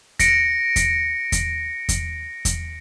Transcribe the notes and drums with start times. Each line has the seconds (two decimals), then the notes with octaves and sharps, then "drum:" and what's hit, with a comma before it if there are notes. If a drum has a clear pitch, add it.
0.19 A#6 C#7 D7, drum: kick E2, hi-hat
0.76 drum: kick E2, hi-hat
1.32 drum: kick E2, hi-hat
1.89 drum: kick E2, hi-hat
2.45 drum: kick E2, hi-hat